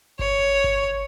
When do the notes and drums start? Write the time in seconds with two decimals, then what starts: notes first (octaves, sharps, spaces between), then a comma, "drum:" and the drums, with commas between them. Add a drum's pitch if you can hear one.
0.19 C#5, drum: kick G1
0.64 drum: kick G1